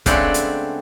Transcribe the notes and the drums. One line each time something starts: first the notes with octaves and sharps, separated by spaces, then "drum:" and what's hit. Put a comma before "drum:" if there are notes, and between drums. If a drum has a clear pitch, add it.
C#3 G#3 A3 B3 C4 D4, drum: kick, hi-hat
drum: hi-hat